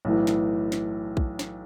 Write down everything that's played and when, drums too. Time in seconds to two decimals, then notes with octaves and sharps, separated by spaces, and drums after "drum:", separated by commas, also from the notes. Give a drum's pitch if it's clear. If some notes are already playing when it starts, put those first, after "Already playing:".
0.05 B1 A2 E3
0.27 drum: snare
0.72 drum: snare
1.17 drum: kick A#1
1.39 drum: snare